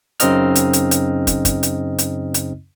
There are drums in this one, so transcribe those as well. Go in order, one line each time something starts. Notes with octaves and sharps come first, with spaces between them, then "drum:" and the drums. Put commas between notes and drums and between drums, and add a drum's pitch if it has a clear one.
F#2 C#3 C4 D#4 D#5 F6, drum: hi-hat
drum: hi-hat
drum: hi-hat
drum: hi-hat
drum: kick, hi-hat
drum: kick, hi-hat
drum: hi-hat
drum: hi-hat
drum: hi-hat